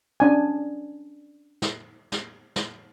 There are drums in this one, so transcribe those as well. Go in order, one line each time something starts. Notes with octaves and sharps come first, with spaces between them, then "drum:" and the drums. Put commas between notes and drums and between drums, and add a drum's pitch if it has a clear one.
C#4 D4 G#5
drum: snare
drum: snare
drum: snare